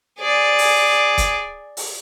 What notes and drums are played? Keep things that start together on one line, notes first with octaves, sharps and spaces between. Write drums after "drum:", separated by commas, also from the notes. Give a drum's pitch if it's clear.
G#4 D5
drum: open hi-hat
drum: kick, hi-hat
drum: open hi-hat